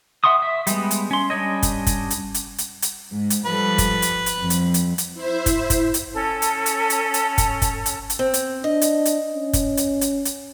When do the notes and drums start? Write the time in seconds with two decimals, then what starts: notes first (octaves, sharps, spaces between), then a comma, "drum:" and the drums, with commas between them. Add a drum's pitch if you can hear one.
0.24 E5 F#5 C6 C#6 D#6
0.42 E5
0.67 G3 G#3 B3, drum: hi-hat
0.91 drum: hi-hat
1.11 C#4 C6
1.30 G3 C#4 D4 C#5 D#5
1.63 drum: kick, hi-hat
1.87 drum: kick, hi-hat
2.10 drum: hi-hat
2.34 drum: hi-hat
2.58 drum: hi-hat
2.82 drum: hi-hat
3.11 G#2
3.30 drum: hi-hat
3.46 F3 G3 A4 B4
3.78 drum: kick, hi-hat
4.02 drum: hi-hat
4.26 drum: hi-hat
4.41 F2
4.50 drum: hi-hat
4.74 drum: hi-hat
4.98 drum: hi-hat
5.13 E4 C5 E5
5.46 drum: kick, hi-hat
5.70 drum: kick, hi-hat
5.94 drum: hi-hat
6.13 C#4 A4
6.42 drum: hi-hat
6.66 drum: hi-hat
6.90 drum: hi-hat
7.14 drum: hi-hat
7.38 drum: kick, hi-hat
7.62 drum: kick, hi-hat
7.86 drum: hi-hat
8.10 drum: hi-hat
8.19 C4
8.34 drum: hi-hat
8.64 D4 D#5
8.82 drum: hi-hat
9.05 drum: hi-hat
9.34 C#4
9.53 drum: kick, hi-hat
9.77 drum: hi-hat
10.01 drum: hi-hat
10.25 drum: hi-hat